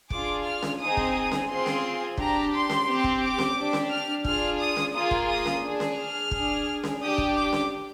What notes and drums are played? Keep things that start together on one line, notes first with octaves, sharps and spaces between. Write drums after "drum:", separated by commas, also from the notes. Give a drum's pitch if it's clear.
D4 F4 G#4 D6, drum: kick
F6
drum: snare C#4
C4 D#4 G#4 D#6
drum: kick
drum: snare C#4
C4 F4 G#4 C6
drum: snare C#4
D4 G4 A#5, drum: kick
C6
drum: snare C#4
C4 G4
drum: kick
D6
drum: snare C#4
D4 G4
drum: snare C#4
F6
D4 F4 G#4 F6, drum: kick
D#6
drum: snare C#4
A#3 F4 G#4 D#6
drum: kick
D#6
drum: snare C#4
D4 G#4
drum: snare C#4
F6
D4 G#4, drum: kick
drum: snare C#4
D4 G4 D#6
drum: kick
D6
drum: snare C#4